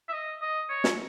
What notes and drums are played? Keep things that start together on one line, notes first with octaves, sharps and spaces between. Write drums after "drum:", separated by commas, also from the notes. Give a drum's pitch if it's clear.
E5
D#5
D#5
C#5
drum: snare